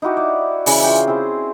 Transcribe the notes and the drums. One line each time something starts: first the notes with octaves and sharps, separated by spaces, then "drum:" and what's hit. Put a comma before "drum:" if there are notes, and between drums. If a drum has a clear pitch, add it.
D#4 E4 F#4 G4
D5
C#3 E3, drum: open hi-hat
F4 G5
C4 E4 G#4 C5